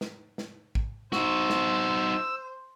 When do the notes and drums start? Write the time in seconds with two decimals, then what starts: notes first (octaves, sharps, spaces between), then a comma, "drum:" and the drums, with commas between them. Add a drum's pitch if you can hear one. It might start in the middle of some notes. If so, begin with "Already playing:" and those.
0.01 drum: snare
0.38 drum: snare
0.75 drum: kick
1.12 D#4 F#4 C5 E6, drum: snare
1.50 drum: snare